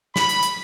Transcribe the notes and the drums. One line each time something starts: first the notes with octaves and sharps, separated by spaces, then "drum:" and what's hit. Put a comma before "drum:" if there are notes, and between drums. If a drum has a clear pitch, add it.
B5, drum: snare
drum: hi-hat
drum: hi-hat